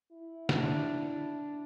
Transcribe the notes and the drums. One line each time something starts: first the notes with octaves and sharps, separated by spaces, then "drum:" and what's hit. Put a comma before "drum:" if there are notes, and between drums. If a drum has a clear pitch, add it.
E4
D4, drum: snare